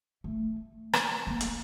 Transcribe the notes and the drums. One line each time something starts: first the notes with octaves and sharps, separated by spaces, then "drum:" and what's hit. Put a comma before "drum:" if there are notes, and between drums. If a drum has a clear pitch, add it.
A3
drum: rim click
A#3
drum: hi-hat